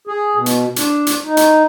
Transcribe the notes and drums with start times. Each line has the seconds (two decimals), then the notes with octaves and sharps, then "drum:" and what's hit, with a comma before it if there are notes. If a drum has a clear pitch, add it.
0.07 G#4
0.36 B2
0.46 drum: hi-hat
0.76 D4, drum: hi-hat
1.07 drum: hi-hat
1.25 D#4
1.37 drum: hi-hat